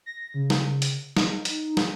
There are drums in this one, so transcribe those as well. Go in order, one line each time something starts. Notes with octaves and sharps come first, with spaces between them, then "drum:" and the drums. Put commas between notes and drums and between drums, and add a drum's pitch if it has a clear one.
A#6
C#3
drum: snare
drum: hi-hat
D#4, drum: snare
drum: hi-hat
drum: snare